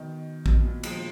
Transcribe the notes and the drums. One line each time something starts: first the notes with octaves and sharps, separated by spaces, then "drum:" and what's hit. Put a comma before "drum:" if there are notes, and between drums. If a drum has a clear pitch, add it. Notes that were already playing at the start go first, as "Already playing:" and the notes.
Already playing: B2 D#3
B2, drum: kick
B2
A#2
F3 G#3, drum: cymbal